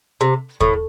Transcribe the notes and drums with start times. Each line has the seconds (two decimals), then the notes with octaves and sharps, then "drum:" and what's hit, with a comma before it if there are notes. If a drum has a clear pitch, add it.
0.21 C3
0.61 A2, drum: kick